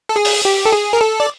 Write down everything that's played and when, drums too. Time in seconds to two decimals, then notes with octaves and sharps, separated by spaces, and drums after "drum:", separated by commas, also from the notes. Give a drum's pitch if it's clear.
0.09 A4
0.16 G#4
0.25 drum: open hi-hat
0.45 G4
0.65 A4
0.72 G#4
0.93 A#4
1.01 A4
1.20 D5